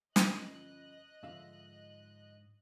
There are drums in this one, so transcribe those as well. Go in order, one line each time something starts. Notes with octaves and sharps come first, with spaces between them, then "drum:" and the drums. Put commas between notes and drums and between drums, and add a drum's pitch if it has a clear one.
G1 F3 C#4 D#5 D#6 F#6, drum: snare
G#2 D3 F3 E5 F5